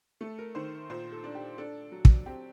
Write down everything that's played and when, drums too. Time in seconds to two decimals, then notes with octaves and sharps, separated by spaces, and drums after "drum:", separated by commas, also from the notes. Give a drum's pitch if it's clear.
0.21 A3 A4
0.39 A#4
0.55 D#3 C5
0.89 A#2 C5
1.12 A4
1.24 D4
1.35 G4
1.58 D4 A4
1.92 F#3
2.05 drum: kick
2.26 C4 G4